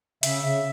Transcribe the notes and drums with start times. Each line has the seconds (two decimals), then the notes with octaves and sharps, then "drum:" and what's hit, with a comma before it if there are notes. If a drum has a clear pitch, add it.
0.23 C#3 E5, drum: hi-hat
0.44 C#3